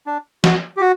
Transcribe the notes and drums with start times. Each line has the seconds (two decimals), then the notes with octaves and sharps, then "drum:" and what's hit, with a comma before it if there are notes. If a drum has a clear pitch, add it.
0.06 D4
0.44 F#4, drum: snare
0.77 G4
0.81 F#4